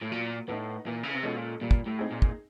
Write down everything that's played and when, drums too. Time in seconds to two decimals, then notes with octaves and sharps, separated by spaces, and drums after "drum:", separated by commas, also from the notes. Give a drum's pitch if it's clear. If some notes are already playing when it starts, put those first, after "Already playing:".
0.01 A2
0.11 A#2 F#3
0.48 A2 B3 D#4
0.85 A#2 E3
1.03 C#3
1.14 C3
1.23 B2 G#3 C#4 F4 A4
1.36 A#2
1.61 A#2 G3
1.71 drum: kick
1.86 A2
1.99 C4 D#4 G#4
2.11 A#2
2.22 drum: kick